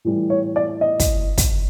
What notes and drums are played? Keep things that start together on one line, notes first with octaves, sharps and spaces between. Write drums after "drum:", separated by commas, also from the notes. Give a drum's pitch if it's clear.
A2 E3 G3
C#5
D5
D#5
drum: kick, hi-hat
drum: kick, hi-hat